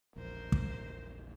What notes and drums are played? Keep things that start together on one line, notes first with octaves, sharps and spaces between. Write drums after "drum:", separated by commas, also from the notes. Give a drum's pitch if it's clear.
E1 A#1 A#4 C5
drum: kick